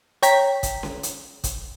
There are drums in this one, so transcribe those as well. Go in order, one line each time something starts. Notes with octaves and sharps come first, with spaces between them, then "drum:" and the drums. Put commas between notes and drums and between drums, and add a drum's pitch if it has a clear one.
C#5 G5 A#5 B6, drum: hi-hat
drum: kick, hi-hat
drum: snare C#4
drum: hi-hat
drum: kick, hi-hat